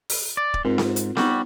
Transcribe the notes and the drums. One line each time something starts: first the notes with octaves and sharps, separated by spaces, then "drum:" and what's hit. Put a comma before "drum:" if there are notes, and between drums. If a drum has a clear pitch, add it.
drum: open hi-hat
D5
drum: kick D1
G#2 C4 F4 A#4
F4, drum: snare C4
drum: hi-hat
G3 B3 D#4 F#4, drum: snare C4